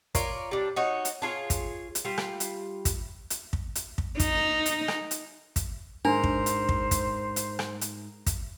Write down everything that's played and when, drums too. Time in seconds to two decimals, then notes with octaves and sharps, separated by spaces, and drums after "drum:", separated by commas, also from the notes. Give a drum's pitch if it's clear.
0.15 F4 A#4 C#5 D5, drum: kick, hi-hat
0.51 G3 D4
0.76 D#4 F#4 C#5
1.05 drum: hi-hat
1.22 D4 F4 G#4 C#5
1.50 drum: kick, hi-hat
1.95 drum: hi-hat
2.05 G3 F4
2.18 drum: rim click
2.40 drum: hi-hat
2.85 drum: kick, hi-hat
3.30 drum: hi-hat
3.53 drum: kick
3.75 drum: hi-hat
3.98 drum: kick
4.20 D#4, drum: kick, hi-hat
4.66 drum: hi-hat
4.88 drum: rim click
5.11 drum: hi-hat
5.56 drum: kick, hi-hat
6.05 G#2 D4 A#4 C5
6.23 drum: kick
6.46 drum: hi-hat
6.69 drum: kick
6.91 drum: kick, hi-hat
7.36 drum: hi-hat
7.59 drum: rim click
7.81 drum: hi-hat
8.26 drum: kick, hi-hat